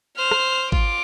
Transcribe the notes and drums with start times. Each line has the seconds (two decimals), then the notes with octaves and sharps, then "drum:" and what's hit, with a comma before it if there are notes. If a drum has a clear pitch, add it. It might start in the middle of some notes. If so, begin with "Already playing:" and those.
0.17 C5 F6
0.31 drum: rim click
0.72 F4 D6, drum: kick G#1